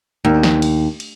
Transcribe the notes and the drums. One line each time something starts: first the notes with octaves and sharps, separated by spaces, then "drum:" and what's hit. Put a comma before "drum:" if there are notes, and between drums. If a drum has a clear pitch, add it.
D#2
drum: snare
drum: cymbal
drum: cymbal